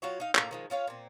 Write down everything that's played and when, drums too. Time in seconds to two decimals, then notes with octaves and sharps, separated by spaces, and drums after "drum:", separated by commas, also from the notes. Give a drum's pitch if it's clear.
0.02 F#3 F4 F#4 C#5
0.20 D#4 F5
0.35 A2 A#3 A#5, drum: clap
0.51 D#3 F3 G#3
0.70 C#4 F4 C#5 F5
0.87 A#2 C4